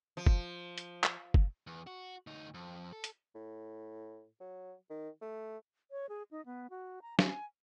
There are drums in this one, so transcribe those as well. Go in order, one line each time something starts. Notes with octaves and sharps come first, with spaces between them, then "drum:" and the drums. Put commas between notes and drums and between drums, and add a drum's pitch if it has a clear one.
F3
drum: kick
drum: hi-hat
drum: clap
drum: kick
E2
F#4
D2 D#4
F2
A4
drum: hi-hat
A2
F#3
D#3
A3
C#5
G#4
D#4
B3
F#4
A#5
G#5, drum: snare